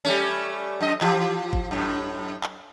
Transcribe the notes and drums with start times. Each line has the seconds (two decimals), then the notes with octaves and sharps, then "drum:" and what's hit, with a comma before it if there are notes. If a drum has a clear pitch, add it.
0.05 G3 A3 C#4
0.81 F#2 D#5
1.01 E3 F3 G4, drum: clap
1.53 drum: kick G#1
1.71 F#2 A2
2.44 drum: clap